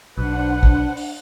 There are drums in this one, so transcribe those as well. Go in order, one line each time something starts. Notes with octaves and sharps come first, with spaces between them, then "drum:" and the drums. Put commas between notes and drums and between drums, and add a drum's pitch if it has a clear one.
B1 D4 B4 C5 F#5
drum: kick
drum: open hi-hat